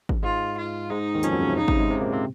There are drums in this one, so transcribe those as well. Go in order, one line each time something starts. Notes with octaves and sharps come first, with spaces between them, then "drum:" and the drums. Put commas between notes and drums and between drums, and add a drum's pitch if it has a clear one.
drum: kick
G#2 G#3 F4
F4
G#2 G#3 D#4
D#2 D#3
F2 F3 C#4, drum: hi-hat
F#2 F#3
C#3
C3
C#3 D#4
C3, drum: kick
G#2 G#3
C3 C4
A#2 A#3
C3 C4